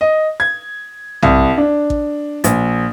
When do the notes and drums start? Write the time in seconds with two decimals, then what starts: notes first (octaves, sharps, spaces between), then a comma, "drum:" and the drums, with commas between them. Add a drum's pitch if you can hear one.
0.01 D#5
0.40 G#6
1.23 C2, drum: tom B1
1.58 D4
1.90 drum: kick A1
2.44 A#1, drum: hi-hat